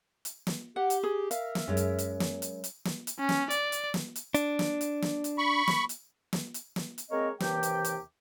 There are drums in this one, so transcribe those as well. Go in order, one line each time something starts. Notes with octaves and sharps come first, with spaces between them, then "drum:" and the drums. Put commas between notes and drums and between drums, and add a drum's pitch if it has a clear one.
drum: hi-hat
drum: snare
G4 F#5
drum: hi-hat
G#4
A#4 E5 F5, drum: hi-hat
drum: snare
F#2 G#3
drum: hi-hat
drum: hi-hat
drum: snare
drum: hi-hat
drum: hi-hat
drum: snare
drum: hi-hat
C#4
drum: snare
D5, drum: hi-hat
drum: hi-hat
drum: snare
drum: hi-hat
D4, drum: hi-hat
drum: snare
drum: hi-hat
drum: snare
drum: hi-hat
B5 C#6
drum: snare
drum: hi-hat
drum: snare
drum: hi-hat
drum: snare
drum: hi-hat
G#3 A#3 C4 A#4 C#5 D#5
D#2 C3 E3 G4 G5, drum: snare
drum: hi-hat
drum: hi-hat